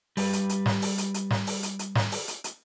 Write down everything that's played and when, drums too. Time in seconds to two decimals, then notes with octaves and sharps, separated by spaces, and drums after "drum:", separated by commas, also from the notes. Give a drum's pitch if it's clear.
0.17 G3 B4, drum: open hi-hat
0.33 drum: hi-hat
0.49 drum: hi-hat
0.66 drum: snare
0.82 drum: open hi-hat
0.98 drum: hi-hat
1.14 drum: hi-hat
1.31 drum: snare
1.47 drum: open hi-hat
1.63 drum: hi-hat
1.79 drum: hi-hat
1.95 drum: snare
2.12 drum: open hi-hat
2.28 drum: hi-hat
2.44 drum: hi-hat